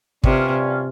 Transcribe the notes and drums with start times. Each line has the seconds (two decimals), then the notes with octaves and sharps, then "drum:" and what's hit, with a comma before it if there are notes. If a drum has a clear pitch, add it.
0.24 G2 C3 G3 C#4 F4, drum: kick